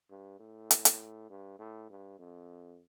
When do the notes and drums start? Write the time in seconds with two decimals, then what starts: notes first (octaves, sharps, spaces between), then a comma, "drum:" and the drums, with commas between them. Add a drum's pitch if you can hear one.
0.10 G2
0.40 A2
0.71 drum: hi-hat
0.85 drum: hi-hat
1.30 G2
1.59 A2
1.90 G2
2.19 F2